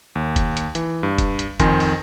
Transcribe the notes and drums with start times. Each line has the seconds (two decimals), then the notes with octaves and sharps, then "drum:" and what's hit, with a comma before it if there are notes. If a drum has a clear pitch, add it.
0.15 D#2
0.36 drum: kick F1, hi-hat
0.57 drum: hi-hat
0.75 E3, drum: hi-hat
1.03 G2
1.18 drum: kick F1, hi-hat
1.39 drum: hi-hat
1.60 F2 D#3 G#5 C6 A#6, drum: kick F1, hi-hat
1.80 drum: open hi-hat